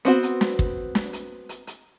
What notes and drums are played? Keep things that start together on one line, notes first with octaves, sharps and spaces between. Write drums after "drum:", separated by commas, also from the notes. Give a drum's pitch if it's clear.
B3 C4 F#4, drum: hi-hat
drum: hi-hat
drum: snare
drum: kick
drum: snare
drum: hi-hat
drum: hi-hat
drum: hi-hat